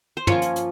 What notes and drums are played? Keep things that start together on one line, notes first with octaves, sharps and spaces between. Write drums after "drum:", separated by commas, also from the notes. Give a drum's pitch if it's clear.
C5
F3 A#3 C#4 F4 C#5, drum: tom
drum: hi-hat
drum: hi-hat